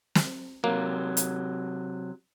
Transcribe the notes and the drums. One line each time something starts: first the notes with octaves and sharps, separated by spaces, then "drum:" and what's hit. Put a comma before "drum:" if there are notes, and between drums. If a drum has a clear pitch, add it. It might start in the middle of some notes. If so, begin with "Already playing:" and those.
drum: snare
C3 F#3 A#3
drum: hi-hat